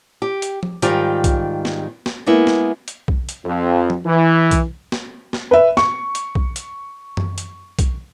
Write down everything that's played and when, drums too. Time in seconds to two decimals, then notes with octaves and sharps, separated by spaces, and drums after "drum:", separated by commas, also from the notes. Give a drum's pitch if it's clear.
0.22 G4
0.42 drum: hi-hat
0.63 drum: tom F3
0.82 G#2 D#3 G3 F4 G4, drum: hi-hat
1.24 drum: kick B1, hi-hat
1.65 drum: snare
2.06 drum: snare
2.26 G#3 A#3 B3 E4
2.47 drum: snare
2.88 drum: hi-hat
3.08 drum: kick B1
3.29 drum: hi-hat
3.45 F2
3.90 drum: tom F3
4.06 E3
4.51 drum: kick B1, hi-hat
4.92 drum: snare
5.33 drum: snare
5.51 B4 E5
5.77 C#6, drum: snare
6.15 drum: hi-hat
6.35 drum: kick B1
6.56 drum: hi-hat
7.17 drum: tom F#2
7.38 drum: hi-hat
7.79 drum: kick B1, hi-hat